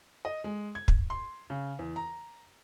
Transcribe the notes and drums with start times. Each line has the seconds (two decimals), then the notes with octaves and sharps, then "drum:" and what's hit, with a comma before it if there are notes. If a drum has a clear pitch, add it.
0.25 D#5
0.44 G#3
0.75 G#6
0.88 drum: kick
1.10 C6
1.50 C#3
1.79 E2
1.96 A#5